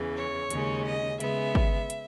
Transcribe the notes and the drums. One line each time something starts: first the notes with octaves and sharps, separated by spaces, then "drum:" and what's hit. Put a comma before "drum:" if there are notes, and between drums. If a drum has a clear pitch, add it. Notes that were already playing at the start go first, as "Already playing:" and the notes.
Already playing: E2 C#3 E3
C#5
D#2 C#3 G#3 C#4, drum: hi-hat
D#5
C#3 G#3 B3 E5, drum: hi-hat
drum: kick
drum: hi-hat